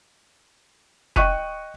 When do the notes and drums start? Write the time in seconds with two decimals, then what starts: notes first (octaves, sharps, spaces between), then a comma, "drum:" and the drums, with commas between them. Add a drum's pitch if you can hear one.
1.16 D#5 G5 C#6 F#6 D#7, drum: kick